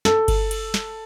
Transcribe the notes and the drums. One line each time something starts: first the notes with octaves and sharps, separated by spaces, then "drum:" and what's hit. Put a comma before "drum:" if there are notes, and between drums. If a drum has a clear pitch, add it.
A4, drum: snare
drum: kick G1, cymbal
drum: cymbal
drum: snare